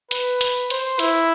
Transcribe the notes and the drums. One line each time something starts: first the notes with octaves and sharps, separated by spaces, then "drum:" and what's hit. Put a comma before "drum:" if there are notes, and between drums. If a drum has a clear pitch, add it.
B4, drum: hi-hat
drum: hi-hat
C5, drum: hi-hat
E4, drum: hi-hat